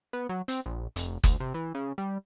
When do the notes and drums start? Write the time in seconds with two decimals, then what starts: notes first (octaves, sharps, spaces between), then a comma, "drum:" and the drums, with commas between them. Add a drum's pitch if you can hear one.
0.13 B3
0.29 F#3
0.48 C4, drum: hi-hat
0.66 A#1
0.96 F1, drum: hi-hat
1.24 D2, drum: kick F#1, hi-hat
1.40 C3
1.54 E3
1.74 C#3
1.98 G3